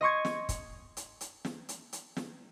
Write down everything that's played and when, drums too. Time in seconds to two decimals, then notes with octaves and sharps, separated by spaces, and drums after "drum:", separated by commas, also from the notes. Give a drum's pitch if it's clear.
0.01 D#5 C6 C#6 G#6
0.25 drum: snare
0.49 drum: kick, hi-hat
0.97 drum: hi-hat
1.21 drum: hi-hat
1.45 drum: snare
1.69 drum: hi-hat
1.93 drum: hi-hat
2.17 drum: snare